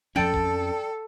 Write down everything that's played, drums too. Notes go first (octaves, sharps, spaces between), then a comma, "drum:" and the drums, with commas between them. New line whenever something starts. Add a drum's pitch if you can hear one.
F2 F3 C#4 A4 D5 G5 A5
drum: kick